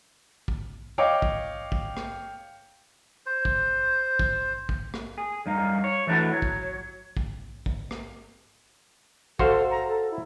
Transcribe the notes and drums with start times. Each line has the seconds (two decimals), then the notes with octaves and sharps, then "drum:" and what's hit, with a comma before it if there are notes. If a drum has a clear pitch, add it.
0.48 drum: kick
0.98 C#5 D#5 F5 G5 D6
1.22 drum: kick
1.72 drum: kick
1.97 drum: rim click
3.26 C5
3.45 drum: kick
4.19 drum: kick
4.69 drum: kick
4.94 drum: rim click
5.18 G#4
5.46 F#2 G3 D#4 F5
5.84 C#5
6.07 E3 A3 D4 E4 F#4
6.32 F#3 C#5
6.42 drum: kick
7.17 drum: kick
7.66 drum: kick
7.91 drum: rim click
9.39 F#4 A4 C5 F5, drum: kick
9.70 A#5
9.88 A4
10.11 E4